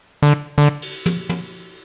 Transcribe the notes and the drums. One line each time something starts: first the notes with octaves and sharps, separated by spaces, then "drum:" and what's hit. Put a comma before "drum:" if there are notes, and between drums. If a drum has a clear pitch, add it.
D3
D3
drum: cymbal
drum: tom
drum: tom